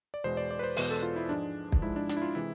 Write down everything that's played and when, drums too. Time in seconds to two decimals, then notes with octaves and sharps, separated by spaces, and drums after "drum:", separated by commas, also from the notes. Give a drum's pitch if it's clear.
0.14 D5
0.24 E2 B2 G#3 C5
0.37 D5
0.51 D5
0.59 B4
0.63 C5
0.76 E2 B2 G#3 B4, drum: open hi-hat
0.91 A4
1.03 F4
1.16 E4
1.29 G#2 F3 G#3 D4
1.72 drum: kick
1.82 G#2 F3 G#3 E4
1.96 D4
2.09 D4, drum: hi-hat
2.17 E4
2.22 F4
2.35 C3 E3 G#3 E4